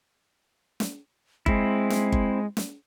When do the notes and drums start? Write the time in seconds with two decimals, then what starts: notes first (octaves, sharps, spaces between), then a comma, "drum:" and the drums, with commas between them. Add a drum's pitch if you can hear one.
0.80 drum: snare
1.46 G#3 C4 E4, drum: kick G1
1.90 drum: snare
2.12 drum: kick G1
2.57 drum: snare